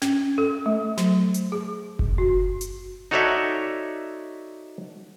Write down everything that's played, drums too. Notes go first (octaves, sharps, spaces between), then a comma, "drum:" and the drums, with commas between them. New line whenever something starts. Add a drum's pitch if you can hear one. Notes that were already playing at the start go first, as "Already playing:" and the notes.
C#4, drum: snare
A4
A3
F#3, drum: snare
drum: hi-hat
G#4
drum: kick F#1
F#4
drum: hi-hat
D#4 F#4 A4 C#5 D5 E5